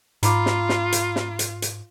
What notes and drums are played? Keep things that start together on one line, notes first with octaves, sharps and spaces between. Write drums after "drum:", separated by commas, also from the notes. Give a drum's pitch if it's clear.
G#2 F4 A#5 B5 D6, drum: hi-hat
drum: snare
drum: snare
drum: hi-hat
drum: snare
drum: hi-hat
drum: hi-hat